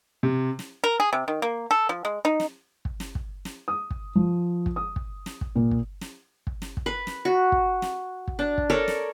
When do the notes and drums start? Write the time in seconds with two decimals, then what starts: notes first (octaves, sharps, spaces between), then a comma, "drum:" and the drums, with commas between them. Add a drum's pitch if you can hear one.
0.23 C3
0.59 drum: snare
0.84 A#4
1.00 G#4
1.13 C3
1.28 D#3
1.42 A#3
1.71 A4
1.89 F3
2.05 G#3
2.25 D#4
2.40 drum: snare
2.85 drum: kick
3.00 drum: snare
3.15 drum: kick
3.45 drum: snare
3.68 D#6
3.91 drum: kick
4.15 F3
4.66 drum: kick
4.76 D#6
4.96 drum: kick
5.26 drum: snare
5.41 drum: kick
5.56 A#2
5.71 drum: kick
6.01 drum: snare
6.47 drum: kick
6.62 drum: snare
6.77 drum: kick
6.86 B4
7.07 drum: snare
7.25 F#4
7.52 drum: kick
7.82 drum: snare
8.28 drum: kick
8.39 D4
8.58 drum: kick
8.70 A4 A#4 C#5 D5
8.88 drum: snare